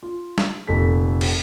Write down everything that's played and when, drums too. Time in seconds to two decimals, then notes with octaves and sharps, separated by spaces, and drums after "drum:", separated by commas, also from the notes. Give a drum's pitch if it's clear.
0.03 F4
0.38 drum: snare
0.67 F1 A#2 A4 B6
1.21 drum: cymbal